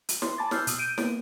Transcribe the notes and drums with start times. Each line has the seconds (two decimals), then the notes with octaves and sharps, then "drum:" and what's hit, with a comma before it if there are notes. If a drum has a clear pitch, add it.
0.09 drum: hi-hat
0.22 C6, drum: snare
0.38 G#5 A5 B5 D6 A6
0.51 E6 F6 G6 C7, drum: snare
0.67 B2 D#6, drum: hi-hat
0.79 G6 D7 D#7
0.98 A#3 B3, drum: snare